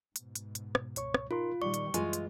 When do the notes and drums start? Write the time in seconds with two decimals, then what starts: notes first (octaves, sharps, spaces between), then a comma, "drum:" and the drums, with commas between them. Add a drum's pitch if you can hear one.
0.16 G#2 B2, drum: hi-hat
0.35 drum: hi-hat
0.55 drum: hi-hat
0.75 drum: rim click
0.96 C#2 C#5 C#6, drum: hi-hat
1.14 drum: rim click
1.31 D#4 F4 A#4 C6
1.62 A#2 D#3 G3 D5 C#6
1.74 drum: hi-hat
1.94 F#2 E3 G#3 F4 G#4 G#5, drum: hi-hat
2.13 drum: hi-hat